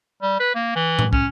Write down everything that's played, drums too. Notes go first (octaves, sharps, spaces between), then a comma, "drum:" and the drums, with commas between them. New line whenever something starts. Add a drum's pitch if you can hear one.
G3
B4
A#3
E3
drum: tom A2
C#4, drum: kick